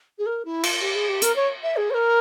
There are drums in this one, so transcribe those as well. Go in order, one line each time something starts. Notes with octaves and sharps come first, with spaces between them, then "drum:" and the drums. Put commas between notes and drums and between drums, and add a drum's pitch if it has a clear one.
G#4
A#4
E4
F4, drum: cymbal
G4
G#4
G4
A#4, drum: hi-hat
C#5
E5
G#4
C#5
A#4